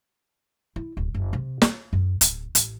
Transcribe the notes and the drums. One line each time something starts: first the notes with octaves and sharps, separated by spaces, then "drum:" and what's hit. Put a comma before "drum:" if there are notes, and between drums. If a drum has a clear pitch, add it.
E4
D1
F#1
C3
F4, drum: snare
F#2
D1, drum: hi-hat
A1, drum: hi-hat